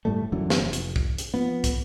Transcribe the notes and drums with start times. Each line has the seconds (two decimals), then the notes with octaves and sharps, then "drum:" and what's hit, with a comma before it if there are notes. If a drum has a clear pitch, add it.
0.05 G1 A2 G3 A3
0.32 F#2 D3 E3 F#3
0.50 drum: snare
0.60 F1
0.73 drum: hi-hat
0.96 drum: kick
1.18 drum: hi-hat
1.34 F3 B3
1.64 drum: kick, hi-hat